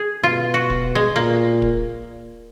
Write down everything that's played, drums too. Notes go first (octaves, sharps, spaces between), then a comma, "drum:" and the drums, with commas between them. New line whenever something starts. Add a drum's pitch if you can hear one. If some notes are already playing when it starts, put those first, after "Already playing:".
Already playing: G#4
B2 F4
F#4
drum: kick
G#3
A#2 A#3
drum: kick